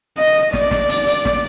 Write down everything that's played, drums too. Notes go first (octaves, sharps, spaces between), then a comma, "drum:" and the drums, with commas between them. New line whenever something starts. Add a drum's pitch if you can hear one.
D#5
D5, drum: snare
drum: snare
drum: hi-hat
drum: hi-hat
drum: snare